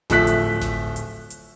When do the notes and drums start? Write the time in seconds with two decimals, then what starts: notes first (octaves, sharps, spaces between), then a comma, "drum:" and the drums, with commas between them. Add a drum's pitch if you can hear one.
0.10 D1 F3 A3 E5 F#6 B6, drum: snare G#1
0.27 drum: hi-hat
0.61 drum: snare G#1
0.96 drum: hi-hat
1.30 drum: hi-hat